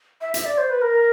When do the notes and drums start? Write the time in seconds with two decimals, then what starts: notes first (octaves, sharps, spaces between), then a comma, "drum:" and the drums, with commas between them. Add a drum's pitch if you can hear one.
0.21 E5
0.34 E5, drum: hi-hat
0.45 D5
0.58 C5
0.70 B4
0.81 A#4